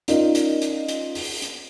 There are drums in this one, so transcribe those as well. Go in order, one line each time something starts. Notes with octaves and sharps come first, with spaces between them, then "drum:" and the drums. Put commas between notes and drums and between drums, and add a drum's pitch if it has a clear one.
C#4 D#4 F4 A#4 D5 D#5, drum: hi-hat
drum: hi-hat
drum: hi-hat
drum: hi-hat
drum: open hi-hat
drum: hi-hat